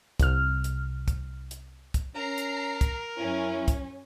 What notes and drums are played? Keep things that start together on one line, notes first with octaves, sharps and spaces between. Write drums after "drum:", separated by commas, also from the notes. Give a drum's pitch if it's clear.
C2 F6, drum: kick, hi-hat
drum: hi-hat
drum: kick, hi-hat
drum: hi-hat
drum: kick, hi-hat
C#4 A#4 A#5 C7
drum: hi-hat
drum: kick, hi-hat
F#2 C#4 E4
drum: kick, hi-hat